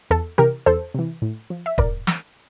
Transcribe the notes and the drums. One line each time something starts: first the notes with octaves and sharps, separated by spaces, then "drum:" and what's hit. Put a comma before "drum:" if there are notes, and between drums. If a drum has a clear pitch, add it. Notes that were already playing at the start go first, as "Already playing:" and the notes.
E2 A4
C3 E3 G4 A#4
E2 A4 C5
C3 E3
A2
F3
E5
A2 A#4 D5, drum: kick
drum: snare